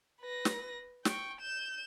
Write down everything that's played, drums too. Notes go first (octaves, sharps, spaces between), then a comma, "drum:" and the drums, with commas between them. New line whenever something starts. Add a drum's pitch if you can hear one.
B4 A#6
drum: snare
G5 C#6, drum: snare
G6 E7